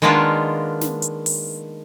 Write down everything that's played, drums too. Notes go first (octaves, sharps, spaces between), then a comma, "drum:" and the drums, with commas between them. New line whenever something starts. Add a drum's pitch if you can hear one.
D#3 G#3 A#3 B3 D4 F4
drum: snare
drum: hi-hat
drum: open hi-hat